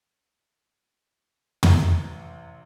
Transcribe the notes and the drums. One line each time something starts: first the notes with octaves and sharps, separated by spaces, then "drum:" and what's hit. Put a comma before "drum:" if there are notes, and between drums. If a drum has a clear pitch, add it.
A1 C3 A#5 A6 D#7 G7, drum: tom